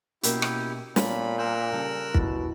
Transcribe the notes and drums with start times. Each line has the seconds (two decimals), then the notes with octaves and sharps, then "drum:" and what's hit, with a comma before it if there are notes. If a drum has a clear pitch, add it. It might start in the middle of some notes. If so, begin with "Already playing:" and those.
0.23 B2 A#3 C#4 E4 F#4 G4 A#4, drum: hi-hat
0.42 drum: rim click
0.96 A#2 B3 D4 C#5 B5, drum: snare
1.38 C4 A#4 G#5 C6 E6 F#6 G6
1.72 C#3 G3 A4
2.14 B2 E4, drum: kick